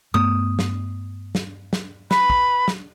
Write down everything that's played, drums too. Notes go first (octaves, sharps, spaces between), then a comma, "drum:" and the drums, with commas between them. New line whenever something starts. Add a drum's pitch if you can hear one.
G2 A3 B3 D#6
drum: snare
drum: snare
drum: snare
B4 B5, drum: snare
drum: kick
drum: snare